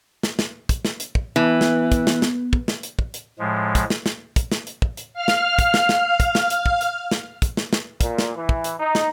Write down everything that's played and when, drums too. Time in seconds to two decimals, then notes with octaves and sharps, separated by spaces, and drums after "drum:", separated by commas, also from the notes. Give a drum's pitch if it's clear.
0.23 drum: snare
0.39 drum: snare
0.69 drum: kick, hi-hat
0.85 drum: snare
1.00 drum: hi-hat
1.15 drum: kick
1.36 E3 B3
1.61 drum: snare
1.92 drum: kick, hi-hat
2.07 drum: snare
2.22 drum: snare
2.53 drum: kick
2.68 drum: snare
2.83 drum: hi-hat
2.99 drum: kick
3.14 drum: hi-hat
3.39 A2 F3 G#3
3.75 drum: kick, hi-hat
3.90 drum: snare
4.06 drum: snare
4.36 drum: kick, hi-hat
4.52 drum: snare
4.67 drum: hi-hat
4.82 drum: kick
4.97 drum: hi-hat
5.14 F5 F6
5.28 drum: snare
5.59 drum: kick, hi-hat
5.74 drum: snare
5.89 drum: snare
6.20 drum: kick, hi-hat
6.35 drum: snare
6.50 drum: hi-hat
6.66 drum: kick
6.81 drum: hi-hat
7.11 drum: snare
7.42 drum: kick, hi-hat
7.57 drum: snare
7.73 drum: snare
8.01 A#2, drum: kick, hi-hat
8.18 drum: snare
8.35 E3
8.49 drum: kick
8.64 drum: hi-hat
8.80 D#4
8.95 drum: snare